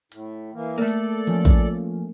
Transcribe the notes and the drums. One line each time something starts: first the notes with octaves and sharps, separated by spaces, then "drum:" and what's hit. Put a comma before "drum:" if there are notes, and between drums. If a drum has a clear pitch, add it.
A2, drum: hi-hat
E3 A#3
A3 A#3 A4 D5
drum: hi-hat
F3 C#4, drum: hi-hat
drum: kick A1